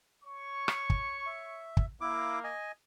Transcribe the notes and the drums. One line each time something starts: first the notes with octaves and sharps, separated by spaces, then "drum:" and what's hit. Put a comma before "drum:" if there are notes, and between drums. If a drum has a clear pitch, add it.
C#5 C#6
drum: rim click
drum: kick
E5
drum: kick
A#3 E4 D6
D#5 G#5